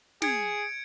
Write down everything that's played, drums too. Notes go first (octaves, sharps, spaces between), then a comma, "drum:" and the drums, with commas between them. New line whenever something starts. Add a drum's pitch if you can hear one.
G#4 G#6 C#7 D7, drum: snare